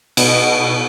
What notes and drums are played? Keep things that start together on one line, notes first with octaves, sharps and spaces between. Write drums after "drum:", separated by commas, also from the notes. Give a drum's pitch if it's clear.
B2, drum: cymbal